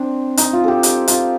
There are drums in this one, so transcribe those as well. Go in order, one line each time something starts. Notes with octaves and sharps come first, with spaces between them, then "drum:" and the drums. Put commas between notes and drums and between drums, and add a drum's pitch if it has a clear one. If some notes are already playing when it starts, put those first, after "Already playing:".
Already playing: C4 D4
D#4, drum: hi-hat
F4
G4 A4
G4, drum: hi-hat
F4, drum: hi-hat